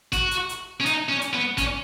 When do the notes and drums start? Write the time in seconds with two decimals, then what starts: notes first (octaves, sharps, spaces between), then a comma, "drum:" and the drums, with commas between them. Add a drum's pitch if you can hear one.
0.12 F#4, drum: kick, hi-hat
0.31 drum: hi-hat
0.49 drum: hi-hat
0.80 C#4
0.86 D#4, drum: hi-hat
1.09 C#4
1.21 drum: hi-hat
1.33 B3
1.58 C#4, drum: kick, hi-hat